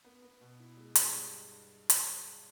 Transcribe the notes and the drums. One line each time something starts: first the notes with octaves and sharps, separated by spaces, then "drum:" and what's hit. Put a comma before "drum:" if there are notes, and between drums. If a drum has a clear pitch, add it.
B3
B3
B2
E4
G#3
G#3, drum: hi-hat
G2
drum: hi-hat